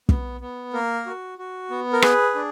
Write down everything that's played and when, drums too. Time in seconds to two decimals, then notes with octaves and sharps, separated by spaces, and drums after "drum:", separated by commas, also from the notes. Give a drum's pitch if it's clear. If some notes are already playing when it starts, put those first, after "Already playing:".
0.09 B3, drum: kick
0.41 B3
0.73 A#3 A#4
1.06 F#4
1.38 F#4
1.70 B3
1.93 A#4
2.02 G#4 B4, drum: rim click
2.35 D4